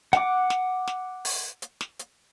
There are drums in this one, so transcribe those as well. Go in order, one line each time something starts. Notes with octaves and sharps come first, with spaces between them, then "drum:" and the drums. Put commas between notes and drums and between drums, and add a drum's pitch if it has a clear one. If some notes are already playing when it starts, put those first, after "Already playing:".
F#5 D6, drum: snare
drum: snare
drum: snare
drum: open hi-hat
drum: hi-hat
drum: snare
drum: hi-hat